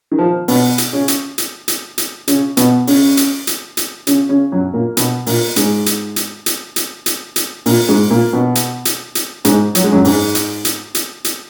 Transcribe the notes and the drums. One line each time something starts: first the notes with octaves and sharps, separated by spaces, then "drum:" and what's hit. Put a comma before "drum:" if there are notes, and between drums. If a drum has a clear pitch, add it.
D#3
F3
B2 B3, drum: open hi-hat
drum: hi-hat
C#3 C#4
drum: hi-hat
drum: hi-hat
drum: hi-hat
drum: hi-hat
C#3 C#4, drum: hi-hat
B2 B3, drum: hi-hat
C#3 C#4, drum: open hi-hat
drum: hi-hat
drum: hi-hat
drum: hi-hat
C#3 C#4, drum: hi-hat
C#3 C#4
F#2 F#3
A#2 A#3
B2 B3, drum: hi-hat
A#2 A#3, drum: open hi-hat
G#2 G#3, drum: hi-hat
drum: hi-hat
drum: hi-hat
drum: hi-hat
drum: hi-hat
drum: hi-hat
drum: hi-hat
A#2 A#3, drum: open hi-hat
G#2 G#3
A#2 A#3
B2 B3
drum: hi-hat
drum: hi-hat
drum: hi-hat
G#2 G#3, drum: hi-hat
F#3, drum: hi-hat
G#3
F#2 F#3
G#2 G#3, drum: open hi-hat
drum: hi-hat
drum: hi-hat
drum: hi-hat
drum: hi-hat